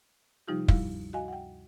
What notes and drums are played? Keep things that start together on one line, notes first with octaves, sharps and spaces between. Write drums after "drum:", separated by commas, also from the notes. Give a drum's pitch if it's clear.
C3 F3 G3 D#4 F4 G4
D2 G2 G3 E4 F5, drum: kick
F#4 D#5 F5 G#5
F#5 G5